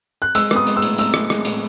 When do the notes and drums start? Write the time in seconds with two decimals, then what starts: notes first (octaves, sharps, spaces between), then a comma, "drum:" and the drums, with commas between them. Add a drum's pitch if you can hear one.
0.22 F#6
0.35 G#3 E6, drum: hi-hat
0.51 B3, drum: rim click
0.56 D#6
0.67 G#3, drum: hi-hat
0.77 E6
0.82 A2, drum: hi-hat
0.98 A2 E6, drum: hi-hat
1.14 G#3, drum: rim click
1.30 G#3, drum: rim click
1.45 A2, drum: hi-hat